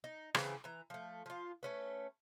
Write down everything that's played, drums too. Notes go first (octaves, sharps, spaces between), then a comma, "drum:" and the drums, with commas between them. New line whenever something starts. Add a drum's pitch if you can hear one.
D#4
C#3 E3 C4, drum: rim click
E3 A#5
F3 A3
F3 F4
A3 C#4 B4